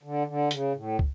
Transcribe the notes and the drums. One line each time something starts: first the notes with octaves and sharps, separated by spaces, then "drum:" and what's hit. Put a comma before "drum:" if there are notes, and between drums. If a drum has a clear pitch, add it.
D3
D3
C#3, drum: hi-hat
A2
drum: kick